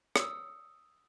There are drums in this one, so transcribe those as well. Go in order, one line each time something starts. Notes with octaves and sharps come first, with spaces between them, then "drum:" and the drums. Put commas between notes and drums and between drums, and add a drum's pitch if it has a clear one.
D#6 E6, drum: rim click